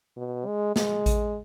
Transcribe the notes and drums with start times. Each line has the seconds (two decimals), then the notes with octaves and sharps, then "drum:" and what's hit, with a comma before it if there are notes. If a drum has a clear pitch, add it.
0.17 B2
0.46 G#3
0.76 G#3, drum: snare
1.06 drum: kick A1, hi-hat